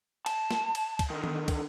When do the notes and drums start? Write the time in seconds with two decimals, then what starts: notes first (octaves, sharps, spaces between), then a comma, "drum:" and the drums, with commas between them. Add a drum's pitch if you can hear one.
0.26 A5, drum: cymbal
0.51 drum: snare
0.75 drum: cymbal
0.99 drum: kick, cymbal
1.10 D3 D#3
1.24 drum: tom D#3
1.48 drum: kick, cymbal